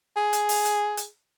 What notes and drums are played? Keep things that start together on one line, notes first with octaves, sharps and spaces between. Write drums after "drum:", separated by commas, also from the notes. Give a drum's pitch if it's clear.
G#4
drum: hi-hat
drum: open hi-hat
drum: hi-hat
drum: hi-hat